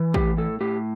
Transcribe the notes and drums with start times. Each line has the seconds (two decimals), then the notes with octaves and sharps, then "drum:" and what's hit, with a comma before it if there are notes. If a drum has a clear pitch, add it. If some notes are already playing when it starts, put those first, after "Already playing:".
Already playing: E3
0.14 A2 G4, drum: kick
0.37 A2 A4
0.61 A2 G4